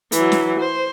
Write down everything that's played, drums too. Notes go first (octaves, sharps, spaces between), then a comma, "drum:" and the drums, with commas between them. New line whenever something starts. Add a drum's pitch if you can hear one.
E3 F#3, drum: hi-hat
drum: snare
C5